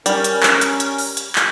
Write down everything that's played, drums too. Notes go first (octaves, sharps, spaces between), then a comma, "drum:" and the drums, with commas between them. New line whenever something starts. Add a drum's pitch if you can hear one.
G3 C#4 A#4, drum: hi-hat
drum: hi-hat
drum: clap
drum: hi-hat
drum: hi-hat
drum: open hi-hat
drum: hi-hat
drum: clap